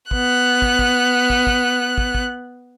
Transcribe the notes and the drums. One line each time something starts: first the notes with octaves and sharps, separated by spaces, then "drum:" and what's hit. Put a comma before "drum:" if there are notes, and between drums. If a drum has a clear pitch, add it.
B3 F#6, drum: kick
drum: kick
drum: kick
drum: kick
drum: kick
drum: kick
drum: kick